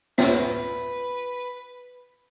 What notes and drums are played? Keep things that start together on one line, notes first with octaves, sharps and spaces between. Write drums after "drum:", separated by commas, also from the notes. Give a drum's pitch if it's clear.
F4 B4 C#5 E5, drum: snare